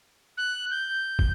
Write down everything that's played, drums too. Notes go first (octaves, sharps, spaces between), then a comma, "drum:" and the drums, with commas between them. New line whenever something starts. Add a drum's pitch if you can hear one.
F#6
G6
drum: kick